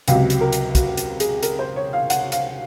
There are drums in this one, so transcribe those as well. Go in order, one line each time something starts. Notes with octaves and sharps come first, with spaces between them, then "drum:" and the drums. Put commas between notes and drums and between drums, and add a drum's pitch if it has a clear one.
C#2 C3 F#3 F5, drum: hi-hat
drum: hi-hat
A#4
drum: hi-hat
F#4, drum: kick, hi-hat
drum: hi-hat
G#4, drum: hi-hat
A#4, drum: hi-hat
C5
C#5
F5
F#5, drum: hi-hat
F5, drum: hi-hat